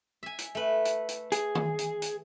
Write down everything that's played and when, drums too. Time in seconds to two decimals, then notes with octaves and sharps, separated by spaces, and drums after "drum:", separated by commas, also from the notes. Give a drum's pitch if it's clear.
0.23 E5 G#5
0.39 drum: hi-hat
0.55 A3 B4
0.85 drum: hi-hat
1.09 drum: hi-hat
1.32 G#4, drum: hi-hat
1.55 drum: tom D#3
1.79 drum: hi-hat
2.02 drum: hi-hat